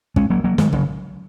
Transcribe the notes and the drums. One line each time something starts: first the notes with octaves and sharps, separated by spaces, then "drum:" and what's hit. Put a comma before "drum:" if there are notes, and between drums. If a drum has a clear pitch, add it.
G#3 C#4, drum: kick
F#3 A#3
F#3 A#3
D#3 G#3, drum: snare
C#3 F#3, drum: kick